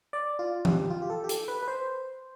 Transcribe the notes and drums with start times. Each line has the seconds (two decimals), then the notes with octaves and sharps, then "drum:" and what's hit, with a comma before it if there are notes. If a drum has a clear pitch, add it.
0.13 D5
0.39 F4
0.65 G4, drum: tom E3
0.90 F4
1.02 G4
1.10 A4
1.24 G4
1.29 A4, drum: hi-hat
1.48 B4
1.63 B4
1.68 C5